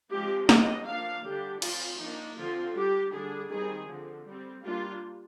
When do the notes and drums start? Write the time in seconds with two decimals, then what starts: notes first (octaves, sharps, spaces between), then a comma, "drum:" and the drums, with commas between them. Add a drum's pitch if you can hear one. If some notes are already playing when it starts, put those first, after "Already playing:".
0.12 F3 G#3 C4 G4
0.49 G3 D4 D#5, drum: snare
0.87 F3 A#3 D4 F5
1.25 D3 G3 D4 G4
1.62 F3 C4 F4, drum: cymbal
2.00 F3 A#3 D4 D#4
2.37 D3 F3 C4 F4
2.75 G3 D4 G4
3.12 D3 G3 D4 G#4
3.51 D#3 G3 C4 G#4
3.88 D3 F3 C4
4.26 G3 C4
4.63 G3 A#3 D4 F4